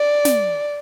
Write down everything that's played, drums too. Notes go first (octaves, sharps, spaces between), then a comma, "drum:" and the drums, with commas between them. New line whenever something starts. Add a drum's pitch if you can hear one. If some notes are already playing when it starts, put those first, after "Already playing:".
Already playing: D5
drum: snare